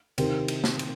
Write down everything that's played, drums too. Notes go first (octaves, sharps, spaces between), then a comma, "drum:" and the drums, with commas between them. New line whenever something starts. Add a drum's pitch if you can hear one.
C3 D#3 C4 G4 A#4, drum: cymbal
drum: cymbal
drum: snare
drum: cymbal